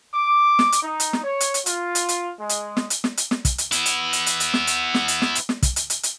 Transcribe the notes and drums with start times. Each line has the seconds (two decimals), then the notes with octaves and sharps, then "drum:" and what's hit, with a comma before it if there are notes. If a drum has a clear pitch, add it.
0.14 D6
0.59 drum: snare
0.72 drum: hi-hat
0.82 D#4
1.00 drum: hi-hat
1.13 drum: snare
1.24 C#5
1.40 drum: hi-hat
1.54 drum: hi-hat
1.66 F4, drum: hi-hat
1.95 drum: hi-hat
2.09 drum: hi-hat
2.39 G#3
2.49 drum: hi-hat
2.77 drum: snare
2.90 drum: hi-hat
3.04 drum: snare
3.17 drum: hi-hat
3.31 drum: snare
3.45 drum: kick, hi-hat
3.58 drum: hi-hat
3.72 B3 E4, drum: hi-hat
3.86 drum: hi-hat
4.13 drum: hi-hat
4.26 drum: hi-hat
4.40 drum: hi-hat
4.54 drum: snare
4.67 drum: hi-hat
4.94 drum: snare
5.08 drum: hi-hat
5.22 drum: snare
5.35 drum: hi-hat
5.49 drum: snare
5.63 drum: kick, hi-hat
5.76 drum: hi-hat
5.90 drum: hi-hat
6.03 drum: hi-hat